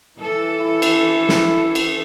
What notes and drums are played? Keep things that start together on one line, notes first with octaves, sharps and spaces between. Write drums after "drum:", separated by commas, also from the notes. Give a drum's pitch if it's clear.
E3 A4
E4
drum: cymbal
drum: snare
drum: cymbal